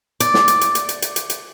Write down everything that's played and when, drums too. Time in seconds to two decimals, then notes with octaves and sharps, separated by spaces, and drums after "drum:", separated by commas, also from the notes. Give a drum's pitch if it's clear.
0.20 D5, drum: hi-hat
0.34 drum: snare
0.48 drum: hi-hat
0.61 drum: hi-hat
0.75 drum: hi-hat
0.89 drum: hi-hat
1.02 drum: hi-hat
1.16 drum: hi-hat
1.30 drum: hi-hat